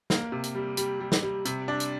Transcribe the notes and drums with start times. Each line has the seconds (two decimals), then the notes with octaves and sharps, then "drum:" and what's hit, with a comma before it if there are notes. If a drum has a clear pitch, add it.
0.10 A#3, drum: snare
0.32 C3
0.44 drum: hi-hat
0.55 G3
0.77 G3, drum: hi-hat
1.00 G3
1.12 drum: snare
1.23 G3
1.45 C3, drum: hi-hat
1.68 D4
1.80 drum: hi-hat